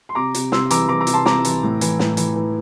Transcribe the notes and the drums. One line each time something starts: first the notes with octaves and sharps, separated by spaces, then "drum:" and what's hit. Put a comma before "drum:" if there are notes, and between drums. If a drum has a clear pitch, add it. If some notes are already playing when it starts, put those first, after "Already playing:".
C6
C3 A#5 D6
C3, drum: hi-hat
C3 C6 E6, drum: snare
E3 A#5 D6, drum: hi-hat
E3 A#5 D6
A#5 D6
C3, drum: hi-hat
A5 C6
C3 A#5 D6, drum: snare
E3, drum: hi-hat
A2
E3, drum: hi-hat
A2, drum: snare
E3, drum: hi-hat
E3